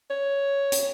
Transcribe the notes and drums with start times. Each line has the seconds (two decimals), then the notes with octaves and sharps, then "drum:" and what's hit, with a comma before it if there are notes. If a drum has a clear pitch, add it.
0.10 C#5
0.72 drum: hi-hat